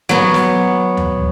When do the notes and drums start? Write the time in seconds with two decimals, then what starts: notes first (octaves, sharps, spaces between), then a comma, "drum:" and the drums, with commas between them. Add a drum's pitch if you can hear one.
0.09 F#3 B3
0.34 drum: snare
0.97 drum: tom D2